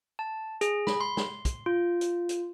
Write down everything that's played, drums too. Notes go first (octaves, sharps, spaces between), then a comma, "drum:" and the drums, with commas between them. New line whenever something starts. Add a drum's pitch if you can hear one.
A5
G#4, drum: hi-hat
B5, drum: snare
C6
drum: snare
drum: kick, hi-hat
F4
drum: hi-hat
drum: hi-hat